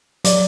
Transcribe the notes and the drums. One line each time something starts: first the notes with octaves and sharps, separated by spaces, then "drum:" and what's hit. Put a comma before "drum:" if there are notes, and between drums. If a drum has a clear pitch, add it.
F#3 D5, drum: hi-hat